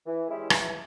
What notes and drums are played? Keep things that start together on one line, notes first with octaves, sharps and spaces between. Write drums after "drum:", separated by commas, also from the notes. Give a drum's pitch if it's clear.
E3
G#3 C#4 E4 G4
E3, drum: rim click